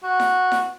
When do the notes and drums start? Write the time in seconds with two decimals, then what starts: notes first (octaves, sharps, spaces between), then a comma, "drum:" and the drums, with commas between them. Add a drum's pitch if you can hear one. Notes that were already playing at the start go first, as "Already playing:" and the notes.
0.04 F#4
0.20 drum: snare E4
0.52 drum: snare E4